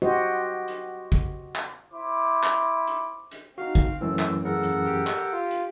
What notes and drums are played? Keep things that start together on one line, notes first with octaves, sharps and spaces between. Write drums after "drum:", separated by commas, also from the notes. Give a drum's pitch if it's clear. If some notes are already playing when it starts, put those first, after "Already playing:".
F#4 G4 C5 D#5
drum: hi-hat
drum: kick, hi-hat
drum: clap
E4 C5 D6
drum: clap
drum: hi-hat
drum: hi-hat
C4 D#4 F#4 F5
drum: kick, hi-hat
F#2 A2 E3 A4
drum: clap
C#3 A4 A#4 F#5
drum: hi-hat
G4
drum: clap
F4
drum: hi-hat